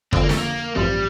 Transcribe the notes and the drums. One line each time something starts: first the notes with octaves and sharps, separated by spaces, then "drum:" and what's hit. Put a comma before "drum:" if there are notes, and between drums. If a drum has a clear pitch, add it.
F2 D3 F3 C4, drum: kick
A#3
A3, drum: snare
A#3
A1 G2 F3 G3 C4